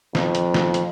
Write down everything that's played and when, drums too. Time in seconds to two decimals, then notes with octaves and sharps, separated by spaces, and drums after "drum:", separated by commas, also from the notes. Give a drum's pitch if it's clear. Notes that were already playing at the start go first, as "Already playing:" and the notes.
0.15 F2, drum: snare
0.35 drum: hi-hat
0.54 drum: snare
0.74 drum: hi-hat